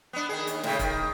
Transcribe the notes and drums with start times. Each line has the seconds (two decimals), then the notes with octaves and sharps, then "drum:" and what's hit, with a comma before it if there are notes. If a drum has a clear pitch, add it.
0.13 B3 D4
0.29 D#3 G#4
0.47 D#2, drum: hi-hat
0.63 A2 C#3, drum: snare
0.79 D#3, drum: kick, hi-hat